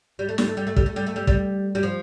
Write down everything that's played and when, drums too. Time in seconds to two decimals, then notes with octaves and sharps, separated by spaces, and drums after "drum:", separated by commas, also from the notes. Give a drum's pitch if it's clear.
0.19 G3
0.29 A3
0.38 G3, drum: snare
0.48 A3
0.57 G3
0.67 A3
0.76 G3, drum: kick
0.86 A3
0.96 G3
1.07 A3
1.16 G3
1.27 G3, drum: kick
1.75 G3
1.83 F3